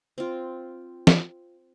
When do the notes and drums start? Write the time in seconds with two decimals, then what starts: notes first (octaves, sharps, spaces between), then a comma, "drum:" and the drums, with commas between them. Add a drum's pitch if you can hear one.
0.18 C4 F4
1.07 drum: snare